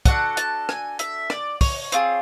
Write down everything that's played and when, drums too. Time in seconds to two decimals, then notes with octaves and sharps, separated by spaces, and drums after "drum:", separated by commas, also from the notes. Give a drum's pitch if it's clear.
0.05 D4 F#4 A4 F#5, drum: kick, hi-hat
0.37 A5, drum: hi-hat
0.69 G#5, drum: rim click
0.99 E5, drum: hi-hat
1.30 D5, drum: rim click
1.61 C#5, drum: kick, open hi-hat
1.92 C4 F4 G#4, drum: hi-hat